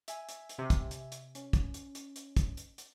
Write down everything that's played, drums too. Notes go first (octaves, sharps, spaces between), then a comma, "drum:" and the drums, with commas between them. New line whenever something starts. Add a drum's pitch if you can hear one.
E5 G#5, drum: hi-hat
drum: hi-hat
drum: hi-hat
C3
drum: kick, hi-hat
drum: hi-hat
drum: hi-hat
C#4, drum: hi-hat
drum: kick, hi-hat
drum: hi-hat
drum: hi-hat
drum: hi-hat
drum: kick, hi-hat
drum: hi-hat
drum: hi-hat